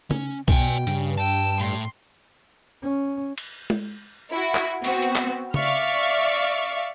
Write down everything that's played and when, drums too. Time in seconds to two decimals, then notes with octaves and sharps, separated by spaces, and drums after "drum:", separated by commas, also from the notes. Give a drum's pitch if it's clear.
0.11 C#4, drum: tom C#3
0.48 B2 D5 G5 G#5, drum: kick
0.87 G2 C#3, drum: hi-hat
1.17 G5 A5 E6
1.60 A2 C6
2.82 C#4
3.38 drum: cymbal
3.70 drum: tom
4.32 E4 F#4
4.55 drum: clap
4.84 B3 C4 F#4, drum: open hi-hat
5.02 drum: hi-hat
5.15 drum: clap
5.54 D5 E5 F5 C#6 F6, drum: tom C#3